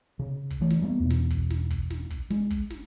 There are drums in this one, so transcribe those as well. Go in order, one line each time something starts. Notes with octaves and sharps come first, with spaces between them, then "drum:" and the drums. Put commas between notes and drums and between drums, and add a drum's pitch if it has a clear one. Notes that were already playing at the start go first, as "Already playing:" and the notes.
C#3
drum: kick, hi-hat
E3 A3
drum: snare
G3 A#3 B3
E2 B2
drum: snare
drum: kick, hi-hat
drum: snare
drum: kick, hi-hat
drum: snare
drum: kick, hi-hat
G#3, drum: snare
drum: kick
drum: snare